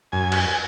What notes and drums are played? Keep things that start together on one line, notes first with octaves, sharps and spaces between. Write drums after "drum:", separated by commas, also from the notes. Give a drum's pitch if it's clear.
F#2 G#5
drum: cymbal